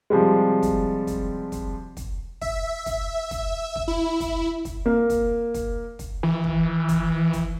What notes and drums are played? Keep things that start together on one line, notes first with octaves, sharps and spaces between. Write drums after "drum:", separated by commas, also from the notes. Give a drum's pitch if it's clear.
C3 F3 G3 G#3
drum: kick, hi-hat
drum: kick, hi-hat
drum: kick, hi-hat
drum: kick, hi-hat
E5, drum: kick
drum: kick, hi-hat
drum: kick, hi-hat
drum: kick
E4
drum: kick, hi-hat
drum: kick, hi-hat
A#3
drum: kick, hi-hat
drum: kick, hi-hat
drum: kick, hi-hat
E3
drum: kick
drum: kick, hi-hat
drum: kick, hi-hat